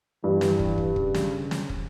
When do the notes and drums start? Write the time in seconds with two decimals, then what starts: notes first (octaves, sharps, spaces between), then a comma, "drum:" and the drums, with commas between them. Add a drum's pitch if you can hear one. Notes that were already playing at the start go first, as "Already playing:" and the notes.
0.24 G2 E3
0.41 drum: snare
0.59 drum: kick
0.78 drum: kick
0.96 C#3, drum: kick
1.14 drum: snare
1.51 drum: snare
1.69 drum: kick